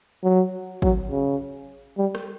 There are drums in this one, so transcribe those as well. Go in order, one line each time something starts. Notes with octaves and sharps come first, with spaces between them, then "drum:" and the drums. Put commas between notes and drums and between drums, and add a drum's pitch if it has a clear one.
F#3
F#3, drum: kick
C#3
G3
drum: rim click